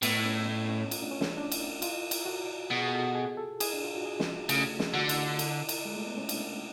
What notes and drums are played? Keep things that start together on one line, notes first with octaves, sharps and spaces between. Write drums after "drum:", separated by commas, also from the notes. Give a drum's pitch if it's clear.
A2 B3, drum: cymbal
C#4
A3
C#4
F4, drum: cymbal
D4
C#4
D4, drum: snare
D4
drum: cymbal
F4, drum: cymbal
drum: cymbal
F#4
B2 G#4
G#4
A4
G#4
A4
G#4, drum: cymbal
D4
F4
F#4
G#4
drum: snare
C#3 A3, drum: cymbal
drum: snare
D3 F#4
drum: cymbal
drum: cymbal
drum: cymbal
G#3
A3
B3
C#4
D4, drum: cymbal